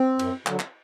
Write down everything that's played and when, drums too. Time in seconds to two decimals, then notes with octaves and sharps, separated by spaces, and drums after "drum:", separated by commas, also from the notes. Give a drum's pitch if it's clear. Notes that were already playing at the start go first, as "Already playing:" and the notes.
Already playing: C4
0.19 F#2, drum: cymbal
0.46 D3 F#3, drum: clap
0.59 drum: clap